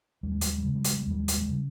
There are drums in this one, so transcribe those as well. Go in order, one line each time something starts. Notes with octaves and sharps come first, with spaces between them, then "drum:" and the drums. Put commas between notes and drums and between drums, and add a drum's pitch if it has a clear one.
D#2 G3
G#3
G3, drum: hi-hat
G#3
G3
C#3 G#3
G3
G#3, drum: hi-hat
G3
G#3
D#2 G3
G#3
G3, drum: hi-hat
G#3
C#3 G3